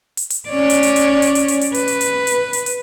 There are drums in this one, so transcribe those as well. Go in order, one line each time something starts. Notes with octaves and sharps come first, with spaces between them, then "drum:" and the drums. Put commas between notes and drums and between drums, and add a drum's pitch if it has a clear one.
drum: hi-hat
drum: hi-hat
C#4 C#5 D5
drum: hi-hat
drum: hi-hat
drum: hi-hat
drum: hi-hat
drum: hi-hat
drum: hi-hat
drum: hi-hat
B4, drum: hi-hat
drum: hi-hat
drum: hi-hat
drum: hi-hat
drum: hi-hat
drum: hi-hat